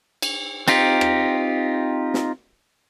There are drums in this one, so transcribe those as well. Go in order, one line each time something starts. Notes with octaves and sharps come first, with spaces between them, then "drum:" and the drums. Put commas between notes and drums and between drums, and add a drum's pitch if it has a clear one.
drum: cymbal
C4 D#4 F4 G4, drum: cymbal
drum: rim click
drum: snare